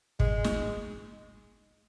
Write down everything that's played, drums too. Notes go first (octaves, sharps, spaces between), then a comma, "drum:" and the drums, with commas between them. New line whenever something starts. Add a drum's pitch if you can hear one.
G#3, drum: kick
drum: snare